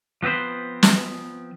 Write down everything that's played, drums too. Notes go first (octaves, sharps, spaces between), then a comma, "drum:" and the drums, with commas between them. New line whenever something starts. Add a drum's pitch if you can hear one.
F3 B3 C4 B4 C5
drum: snare